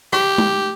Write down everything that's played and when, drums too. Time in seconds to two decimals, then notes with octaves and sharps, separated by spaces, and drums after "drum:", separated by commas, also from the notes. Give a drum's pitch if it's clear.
0.13 G4, drum: rim click
0.38 drum: tom G#3